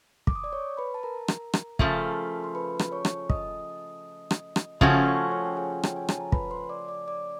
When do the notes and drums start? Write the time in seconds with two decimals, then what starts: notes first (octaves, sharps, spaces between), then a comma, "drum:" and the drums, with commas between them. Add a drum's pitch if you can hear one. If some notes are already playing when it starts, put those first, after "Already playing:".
0.27 D6, drum: kick
0.35 D#6
0.44 D5 D6
0.52 C#5 C#6
0.77 B4 B5
0.94 A5
1.03 A#4 A#5
1.28 drum: rim click
1.53 drum: rim click
1.79 C#3 F3 A3, drum: kick
2.44 C6
2.55 B4 B5
2.79 drum: rim click
2.92 C#5 C#6
3.05 drum: rim click
3.30 D#5 D#6, drum: kick
4.31 drum: rim click
4.56 drum: rim click
4.81 C#3 F3 A3 C#4 F#4, drum: kick
5.06 C#5 C#6
5.31 C#5 C#6
5.46 G5
5.57 G#4 G#5
5.83 G5, drum: rim click
5.96 G#5
6.09 A5, drum: rim click
6.21 A#5
6.32 B4 B5, drum: kick
6.50 C5 C6
6.69 D5 D6
6.88 D5 D6
7.08 D5 D6